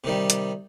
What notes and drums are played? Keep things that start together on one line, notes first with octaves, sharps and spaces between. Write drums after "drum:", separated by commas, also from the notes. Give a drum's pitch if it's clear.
C3 D#3 G3
drum: hi-hat